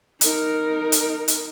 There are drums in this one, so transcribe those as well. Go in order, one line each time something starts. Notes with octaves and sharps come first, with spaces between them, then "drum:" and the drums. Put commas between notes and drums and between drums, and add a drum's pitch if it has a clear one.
D#4 A#4, drum: hi-hat
drum: hi-hat
drum: hi-hat